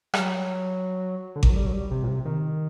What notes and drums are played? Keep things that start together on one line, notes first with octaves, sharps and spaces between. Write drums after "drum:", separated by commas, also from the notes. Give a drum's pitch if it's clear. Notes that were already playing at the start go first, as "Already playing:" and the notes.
G3, drum: rim click
F#3
D3
D#3, drum: kick G#1
F#3
G3
F#3
G3
C3
A#2
C3
D#3